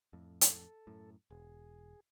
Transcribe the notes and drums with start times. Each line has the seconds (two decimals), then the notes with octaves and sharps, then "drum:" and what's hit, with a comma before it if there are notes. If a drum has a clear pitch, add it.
0.13 F2 A2
0.41 A4, drum: hi-hat
0.87 F#2 A2
1.30 E1 G#4